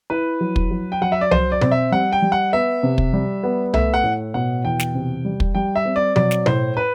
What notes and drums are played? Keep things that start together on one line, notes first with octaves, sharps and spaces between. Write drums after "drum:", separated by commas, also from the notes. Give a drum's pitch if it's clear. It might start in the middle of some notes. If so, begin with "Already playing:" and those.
E4 B4
F#3
drum: kick
F#3
G5
F#3 F#5
E5
D5
F#3 C5, drum: tom C2
D5
C4, drum: tom B2
E5
G3 F#5
G5
G3
F#5
B3 E5
C3
drum: kick
G3
B3
A3 E5, drum: tom C2
F#5
A2
B2 F#5
E2 G5
drum: snare
C3
G3
drum: kick
G3 G5
E5
C4
D5
F#3 D5, drum: tom B2
drum: snare
A2 C5, drum: tom B2
B4